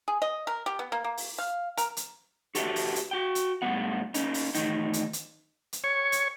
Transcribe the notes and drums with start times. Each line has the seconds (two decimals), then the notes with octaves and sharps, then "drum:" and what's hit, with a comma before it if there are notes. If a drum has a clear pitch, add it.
0.08 G#4
0.22 D#5
0.47 A#4
0.66 G4
0.79 B3
0.92 A#3
1.04 A#3
1.17 drum: open hi-hat
1.38 F5
1.77 A#4, drum: hi-hat
1.97 drum: hi-hat
2.55 F#4 G4 A4 B4 E5, drum: hi-hat
2.76 drum: open hi-hat
2.96 drum: hi-hat
3.11 F#4 G5
3.35 drum: hi-hat
3.62 G#2 G3 A3 B3 F#5
4.14 A#3 C#4 D#4, drum: hi-hat
4.34 drum: open hi-hat
4.54 E2 A2 D#3 D#4 D#5, drum: hi-hat
4.93 drum: hi-hat
5.13 drum: hi-hat
5.73 drum: hi-hat
5.84 C#5
6.12 drum: hi-hat